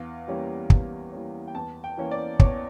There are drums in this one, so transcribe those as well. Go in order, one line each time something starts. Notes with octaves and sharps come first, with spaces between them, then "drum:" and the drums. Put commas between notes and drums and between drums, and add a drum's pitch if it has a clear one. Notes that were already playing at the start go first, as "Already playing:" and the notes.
Already playing: E2 F5
E3 G3 A#3 C#4
E2, drum: kick
E3 G3 A#3 C#4
G5
E2 A5
G5
E3 A#3 C#4
D5
E2 C#5, drum: kick